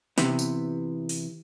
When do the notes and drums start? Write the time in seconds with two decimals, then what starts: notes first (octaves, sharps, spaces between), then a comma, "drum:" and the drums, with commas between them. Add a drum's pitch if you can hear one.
0.18 C3 E3 B3, drum: snare
0.39 drum: tambourine
1.09 drum: open hi-hat